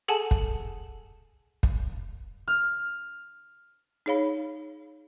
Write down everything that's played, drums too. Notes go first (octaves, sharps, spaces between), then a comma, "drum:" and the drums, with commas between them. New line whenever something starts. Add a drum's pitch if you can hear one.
G#4 A4 F#5 G#5 A5
drum: kick
drum: kick
F6
D#4 G#4 C#5 F5 B5